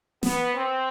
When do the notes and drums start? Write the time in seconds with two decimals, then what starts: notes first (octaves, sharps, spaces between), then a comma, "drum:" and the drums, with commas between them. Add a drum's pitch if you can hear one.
0.23 B3, drum: snare
0.55 C4